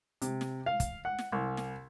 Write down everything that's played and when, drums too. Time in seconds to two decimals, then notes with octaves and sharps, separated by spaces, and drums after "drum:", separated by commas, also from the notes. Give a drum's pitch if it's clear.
0.22 C3, drum: hi-hat
0.41 drum: snare
0.66 F5
0.80 drum: kick, hi-hat
1.05 F#5
1.19 drum: snare
1.32 C2
1.57 drum: snare